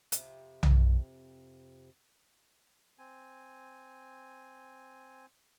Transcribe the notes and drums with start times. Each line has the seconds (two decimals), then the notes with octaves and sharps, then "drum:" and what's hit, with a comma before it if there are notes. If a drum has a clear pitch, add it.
0.12 F2 C3, drum: hi-hat
0.63 drum: tom B1
2.99 C4 G#5